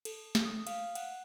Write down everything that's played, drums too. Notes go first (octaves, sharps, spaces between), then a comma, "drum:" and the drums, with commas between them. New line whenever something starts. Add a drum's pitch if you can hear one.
A4, drum: cymbal
drum: snare
D#6
F5, drum: cymbal
F#5, drum: cymbal